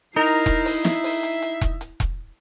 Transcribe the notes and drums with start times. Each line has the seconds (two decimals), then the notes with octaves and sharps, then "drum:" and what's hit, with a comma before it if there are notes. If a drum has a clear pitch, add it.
0.16 D#4 E4 A#4 C7
0.27 drum: hi-hat
0.46 drum: kick E1, hi-hat
0.65 drum: open hi-hat
0.85 E5, drum: snare
1.04 drum: open hi-hat
1.23 drum: hi-hat
1.42 drum: hi-hat
1.62 drum: kick E1, hi-hat
1.81 drum: hi-hat
2.00 drum: kick E1, hi-hat